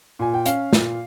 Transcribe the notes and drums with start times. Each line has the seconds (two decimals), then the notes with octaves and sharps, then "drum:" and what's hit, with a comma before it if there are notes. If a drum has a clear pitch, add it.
0.19 A#2 G#5
0.34 G5
0.46 C#4 F5, drum: hi-hat
0.73 A#2, drum: snare